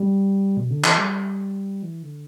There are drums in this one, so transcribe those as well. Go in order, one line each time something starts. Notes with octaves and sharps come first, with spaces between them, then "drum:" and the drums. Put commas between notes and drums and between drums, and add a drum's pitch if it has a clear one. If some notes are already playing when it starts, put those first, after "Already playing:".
Already playing: G3
B2
D3
E3, drum: clap
G3
E3
D3